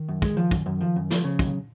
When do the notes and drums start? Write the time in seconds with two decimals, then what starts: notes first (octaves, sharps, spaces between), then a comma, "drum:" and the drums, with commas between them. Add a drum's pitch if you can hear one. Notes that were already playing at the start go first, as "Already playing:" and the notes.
Already playing: D#3
0.09 F#2
0.22 G#3, drum: kick
0.37 F3
0.51 F#2, drum: kick
0.66 F#2
0.81 F3
0.96 F#2
1.10 F3, drum: snare
1.24 C#3 F3
1.39 D#2 F#3, drum: kick